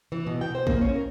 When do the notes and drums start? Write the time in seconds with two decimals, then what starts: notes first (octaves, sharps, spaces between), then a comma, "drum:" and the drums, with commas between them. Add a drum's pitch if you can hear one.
0.12 E3
0.26 B2
0.41 G5
0.55 C5
0.67 A#3, drum: kick
0.81 C#4
0.96 A#4